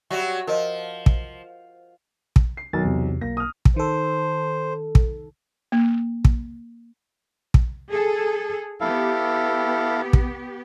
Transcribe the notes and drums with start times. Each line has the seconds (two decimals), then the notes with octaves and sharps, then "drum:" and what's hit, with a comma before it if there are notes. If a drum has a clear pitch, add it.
0.10 F#3 G3 F#4 E5
0.47 F3 A#4 D#5
1.06 drum: kick
2.36 drum: kick
2.57 C7
2.73 B1 D#3 A6
2.85 E2 C3
3.21 B1 A#3 A#6
3.37 D#6 F6
3.65 drum: kick
3.76 D#3 A4 C5
4.95 drum: kick
5.72 A#3
6.25 drum: kick
7.54 drum: kick
7.90 G#4 A4
8.81 B3 E4 G4 A4 F5
10.13 drum: kick